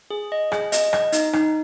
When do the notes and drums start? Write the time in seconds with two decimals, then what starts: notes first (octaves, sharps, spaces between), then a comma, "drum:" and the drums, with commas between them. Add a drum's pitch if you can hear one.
0.11 G#4
0.32 D#5
0.52 G#4, drum: rim click
0.72 D#5, drum: hi-hat
0.93 D#5, drum: rim click
1.12 D#4, drum: hi-hat
1.33 D#4, drum: rim click